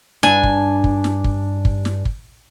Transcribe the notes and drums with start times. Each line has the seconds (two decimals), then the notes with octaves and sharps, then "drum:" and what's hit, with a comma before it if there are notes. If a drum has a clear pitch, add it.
0.23 G2 D4 G#5, drum: snare
0.43 drum: kick
0.84 drum: kick
1.04 drum: snare
1.24 drum: kick
1.65 drum: kick
1.85 drum: snare
2.05 drum: kick